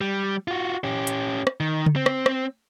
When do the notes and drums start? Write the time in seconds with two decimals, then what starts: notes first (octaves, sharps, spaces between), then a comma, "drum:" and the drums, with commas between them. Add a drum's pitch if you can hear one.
0.01 G3
0.48 F4 F#4
0.84 C#4 G4
1.07 drum: hi-hat
1.47 drum: rim click
1.60 D#3
1.86 drum: tom C#3
1.96 C4
2.06 drum: rim click
2.26 drum: rim click